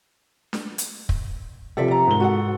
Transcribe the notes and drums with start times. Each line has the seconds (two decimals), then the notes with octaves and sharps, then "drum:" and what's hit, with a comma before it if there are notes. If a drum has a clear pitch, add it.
0.53 drum: snare D4
0.78 drum: hi-hat
1.09 drum: kick
1.77 C3 F3 A4 D5 E5
1.91 A#5
2.07 G#2 A#4 G7
2.20 F#4 A4 F#5